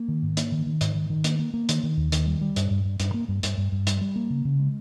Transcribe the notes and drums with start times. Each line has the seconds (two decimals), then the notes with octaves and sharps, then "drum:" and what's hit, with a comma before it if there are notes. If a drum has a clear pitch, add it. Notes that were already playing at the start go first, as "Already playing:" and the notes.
Already playing: A#3
0.08 D#3
0.23 G#2
0.37 A#3, drum: hi-hat
0.52 D#3
0.66 D#3
0.81 G#2, drum: hi-hat
0.95 D#3
1.10 D#3
1.24 A#3, drum: hi-hat
1.39 A#3
1.54 A#3
1.69 D#3, drum: hi-hat
1.83 D#3
1.97 D#2
2.12 D#3, drum: hi-hat
2.26 G3
2.41 G3
2.56 G2, drum: hi-hat
2.71 G2
2.85 G2
3.00 G2, drum: hi-hat
3.14 A#3
3.28 G2
3.43 G2, drum: hi-hat
3.58 G2
3.72 G2
3.87 G3, drum: hi-hat
4.01 G3
4.16 A#3
4.30 C#3
4.45 C#3
4.59 G#3